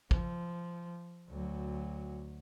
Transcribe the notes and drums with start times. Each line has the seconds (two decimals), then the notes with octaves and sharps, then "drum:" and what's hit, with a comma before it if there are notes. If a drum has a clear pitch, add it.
0.11 F3, drum: kick A1
1.30 D2 F#3